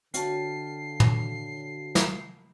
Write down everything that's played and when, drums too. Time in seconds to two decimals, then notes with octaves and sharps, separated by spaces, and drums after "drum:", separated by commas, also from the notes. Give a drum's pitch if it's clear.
0.14 D3 F#4 C#5 F5 G5 A5 C7, drum: hi-hat
1.00 drum: tom
1.95 drum: snare